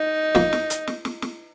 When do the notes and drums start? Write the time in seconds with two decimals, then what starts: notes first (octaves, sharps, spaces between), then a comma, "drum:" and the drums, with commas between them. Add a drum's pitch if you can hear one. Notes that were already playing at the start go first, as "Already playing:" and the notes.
Already playing: D#4
0.35 F2 F3 A#3, drum: snare
0.53 drum: snare
0.70 drum: hi-hat
0.87 drum: snare
1.05 drum: snare
1.22 drum: snare